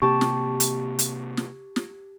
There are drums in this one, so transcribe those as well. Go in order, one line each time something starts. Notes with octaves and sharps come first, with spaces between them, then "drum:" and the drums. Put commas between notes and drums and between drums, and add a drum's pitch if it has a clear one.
C3 A#3 C4 G4 A5 C#6
drum: snare
drum: hi-hat
drum: hi-hat
drum: snare
drum: snare